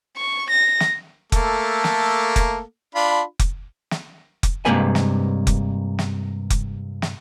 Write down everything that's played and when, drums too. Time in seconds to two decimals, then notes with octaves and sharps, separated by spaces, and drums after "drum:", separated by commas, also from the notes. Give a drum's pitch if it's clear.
0.17 C#6
0.51 A#6
0.80 drum: snare
1.32 A3 A#3 A4, drum: kick F1, hi-hat
1.84 drum: snare
2.36 drum: kick F1, hi-hat
2.95 D4 F4 B5
3.39 drum: kick F1, hi-hat
3.91 drum: snare
4.43 drum: kick F1, hi-hat
4.65 G2 C3 G#3 A#3 B4 G#5
4.95 drum: snare
5.47 drum: kick F1, hi-hat
5.99 drum: snare
6.50 drum: kick F1, hi-hat
7.02 drum: snare